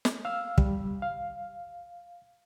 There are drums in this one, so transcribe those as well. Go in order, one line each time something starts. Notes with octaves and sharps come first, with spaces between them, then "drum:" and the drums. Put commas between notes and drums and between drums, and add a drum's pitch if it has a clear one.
drum: snare
F5 E6 F6
G3, drum: kick
F5